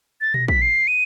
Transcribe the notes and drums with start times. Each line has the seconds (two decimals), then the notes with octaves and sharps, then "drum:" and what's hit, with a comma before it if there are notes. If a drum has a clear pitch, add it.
0.21 A6
0.34 A#6, drum: tom A#2
0.48 B6, drum: kick
0.62 C7
0.88 D#7